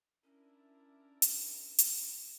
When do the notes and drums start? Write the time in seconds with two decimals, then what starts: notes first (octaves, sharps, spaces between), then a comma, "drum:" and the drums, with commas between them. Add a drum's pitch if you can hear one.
0.24 C#4 D4 E4 A#4
1.22 drum: hi-hat
1.79 drum: hi-hat